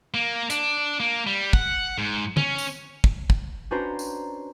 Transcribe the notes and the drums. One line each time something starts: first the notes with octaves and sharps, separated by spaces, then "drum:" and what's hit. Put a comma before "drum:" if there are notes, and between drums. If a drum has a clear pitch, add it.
A#3
D4, drum: hi-hat
A#3
G3
F#5, drum: kick
G#2
C#4, drum: tom
drum: tambourine
drum: kick
drum: kick
C#4 D4 F#4 B4 C5 A#5
drum: tambourine